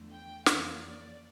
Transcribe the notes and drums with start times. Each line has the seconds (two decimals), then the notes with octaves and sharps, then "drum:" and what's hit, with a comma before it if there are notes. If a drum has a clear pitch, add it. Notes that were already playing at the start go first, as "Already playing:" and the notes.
Already playing: E2 D3 F3 A3
0.12 G5
0.46 F2 C#3 E3 A#3 F5, drum: snare
0.80 D5